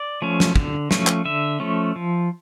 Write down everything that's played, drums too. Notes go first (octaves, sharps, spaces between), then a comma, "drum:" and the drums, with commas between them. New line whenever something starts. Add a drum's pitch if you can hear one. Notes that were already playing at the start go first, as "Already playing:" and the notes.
Already playing: D5
F3 A3 C#4
drum: snare
D3, drum: kick
F3 A3 C#4, drum: snare
drum: clap
D3 E5
F3 A3 C#4
F3